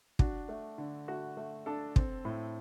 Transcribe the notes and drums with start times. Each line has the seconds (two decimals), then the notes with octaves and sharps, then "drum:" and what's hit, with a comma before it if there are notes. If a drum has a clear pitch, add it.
0.19 D4 F#4, drum: kick
0.49 A3
0.78 D3
1.08 A3 F#4
1.37 A3
1.66 D4 A4
1.96 C4, drum: kick
2.25 A2